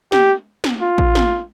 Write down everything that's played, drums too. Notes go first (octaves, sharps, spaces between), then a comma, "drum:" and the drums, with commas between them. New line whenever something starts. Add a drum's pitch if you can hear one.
G4, drum: snare
drum: snare
F4
drum: kick A1
drum: snare